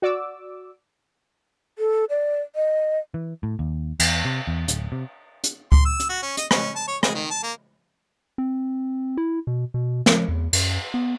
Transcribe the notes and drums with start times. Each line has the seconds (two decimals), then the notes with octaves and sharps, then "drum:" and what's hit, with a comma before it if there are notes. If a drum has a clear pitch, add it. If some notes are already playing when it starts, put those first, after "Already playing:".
0.02 F#4 D5 D6 E6
1.78 A4
2.10 D5
2.56 D#5
3.14 E3
3.43 A2
3.59 D#2
4.00 E2, drum: cymbal
4.25 C3
4.47 E2
4.68 D1, drum: hi-hat
4.92 C3
5.44 drum: hi-hat
5.72 C6, drum: kick C#2
5.85 E6
6.00 drum: hi-hat
6.09 F#4
6.23 C#4
6.37 D#5, drum: hi-hat
6.51 C#4, drum: rim click
6.76 A5
6.88 C#5
7.03 G#4, drum: rim click
7.15 D#3
7.30 A5
7.43 A#3
8.38 C4
9.17 E4
9.47 B2
9.74 B2
10.06 F3, drum: snare
10.28 E2
10.53 F#2, drum: cymbal
10.94 B3